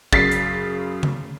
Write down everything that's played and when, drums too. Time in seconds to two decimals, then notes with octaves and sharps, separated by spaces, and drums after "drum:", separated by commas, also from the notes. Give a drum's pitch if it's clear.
0.13 F#2 C#3 A6 B6 C7, drum: kick
0.31 drum: hi-hat
1.03 drum: tom C#3